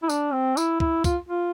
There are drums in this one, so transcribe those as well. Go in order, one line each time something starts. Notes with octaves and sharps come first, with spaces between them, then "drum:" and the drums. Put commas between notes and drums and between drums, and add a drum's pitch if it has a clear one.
E4
D4, drum: tambourine
C4
E4, drum: tambourine
E4, drum: kick
F4, drum: kick, tambourine
F4